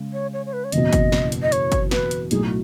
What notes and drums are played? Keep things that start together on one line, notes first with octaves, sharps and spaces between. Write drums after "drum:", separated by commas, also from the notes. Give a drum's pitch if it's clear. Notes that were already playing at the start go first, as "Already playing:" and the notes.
Already playing: C#3 G#3
C#5
C#5
C#5
B4
C#5
F#1 E2 B2 D#5, drum: hi-hat
drum: kick G1, hi-hat
drum: snare
drum: hi-hat
D#5
C#5, drum: hi-hat
drum: kick G1, hi-hat
B4, drum: snare
drum: hi-hat
B1 A2 F#3 A3 D#4 G#4, drum: hi-hat
F#4